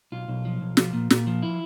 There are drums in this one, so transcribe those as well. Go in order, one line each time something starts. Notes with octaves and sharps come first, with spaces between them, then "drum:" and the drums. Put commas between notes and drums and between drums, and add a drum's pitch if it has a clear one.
B1 F4
B1
F3
B1
F3, drum: snare
A#2
A#2, drum: snare
F3
E4